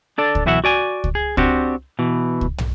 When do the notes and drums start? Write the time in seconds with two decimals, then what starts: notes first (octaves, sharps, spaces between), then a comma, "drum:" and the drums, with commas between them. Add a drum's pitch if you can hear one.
0.18 D4 A4 D5
0.35 drum: kick C#2
0.46 B1 E3 E4 F#4 E5 F#5
0.64 F#4 D5 G#5
1.04 drum: kick C#2
1.15 G#4
1.37 C4 D4 F#4 G4, drum: kick C#2
1.99 B2 E3
2.41 drum: kick C#2
2.58 drum: tom